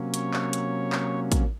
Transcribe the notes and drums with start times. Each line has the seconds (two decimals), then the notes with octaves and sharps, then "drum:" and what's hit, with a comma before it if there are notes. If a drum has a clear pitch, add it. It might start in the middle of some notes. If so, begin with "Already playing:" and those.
Already playing: C3 F#3 A#3 C#4
0.14 C#5, drum: hi-hat
0.34 drum: clap
0.53 drum: hi-hat
0.92 drum: clap
1.32 drum: kick, hi-hat